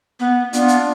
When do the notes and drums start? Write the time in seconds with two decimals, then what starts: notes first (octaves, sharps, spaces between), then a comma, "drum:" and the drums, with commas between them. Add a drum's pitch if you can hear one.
0.20 B3
0.53 B3 D4 F4, drum: hi-hat
0.68 drum: hi-hat